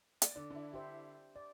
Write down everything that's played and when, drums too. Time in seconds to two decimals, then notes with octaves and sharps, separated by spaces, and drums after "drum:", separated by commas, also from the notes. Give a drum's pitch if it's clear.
0.22 D5, drum: hi-hat
0.36 D3 D5
0.51 D3 D4 E4
0.73 G4 C5 E5
1.36 D5